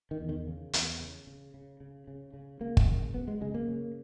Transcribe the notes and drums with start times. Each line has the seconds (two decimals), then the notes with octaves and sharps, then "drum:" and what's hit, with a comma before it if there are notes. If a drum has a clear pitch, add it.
0.11 D#3
0.20 E2
0.29 D#3
0.47 C#3
0.73 E2, drum: hi-hat
1.00 C#3
1.27 C#3
1.54 C#3
1.80 C#3
2.08 C#3
2.34 C#3
2.60 C#3 A#3
2.77 drum: kick
2.88 C#3
3.14 F#2 B3
3.28 G#3
3.41 C#3 G#3
3.54 A#3
3.68 C#3